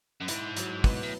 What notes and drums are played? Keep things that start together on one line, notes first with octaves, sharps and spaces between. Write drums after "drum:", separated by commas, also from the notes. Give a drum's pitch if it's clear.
F#2
G#2 E4, drum: hi-hat
F#3, drum: hi-hat
B3, drum: kick, open hi-hat
A2